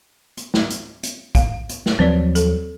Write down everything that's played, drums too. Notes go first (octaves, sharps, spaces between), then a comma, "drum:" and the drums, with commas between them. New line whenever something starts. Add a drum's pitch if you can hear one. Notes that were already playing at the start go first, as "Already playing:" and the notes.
drum: hi-hat
drum: snare
drum: hi-hat
drum: hi-hat
F5, drum: kick, hi-hat
drum: hi-hat
drum: snare
D#2 F3 F#3 C4 B4 D5
A4, drum: hi-hat